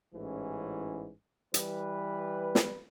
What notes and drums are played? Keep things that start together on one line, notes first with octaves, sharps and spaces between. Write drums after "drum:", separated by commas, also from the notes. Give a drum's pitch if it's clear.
A1 G#2 E3 C#4
E3 G3 B4, drum: hi-hat
drum: snare